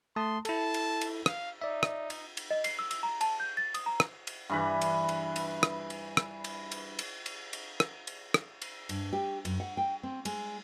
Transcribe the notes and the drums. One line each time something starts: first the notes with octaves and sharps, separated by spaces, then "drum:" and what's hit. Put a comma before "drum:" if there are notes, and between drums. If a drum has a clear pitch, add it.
A3 A5 C6 D#6
E4 A4 A5, drum: cymbal
drum: cymbal
drum: cymbal
F5, drum: rim click
D#4 D5 E5
drum: rim click
drum: cymbal
drum: cymbal
D#5
C7, drum: cymbal
E6
E6, drum: cymbal
A#5
A5, drum: cymbal
G6
A6
D#6, drum: cymbal
A#5
drum: rim click
drum: cymbal
G2 E3 B4
drum: cymbal
drum: cymbal
drum: cymbal
drum: rim click
drum: cymbal
drum: rim click
drum: cymbal
drum: cymbal
drum: cymbal
drum: cymbal
drum: cymbal
drum: rim click
drum: cymbal
drum: rim click
drum: cymbal
G2, drum: cymbal
G4
F#2, drum: cymbal
F#5
G5
C4
G#3, drum: cymbal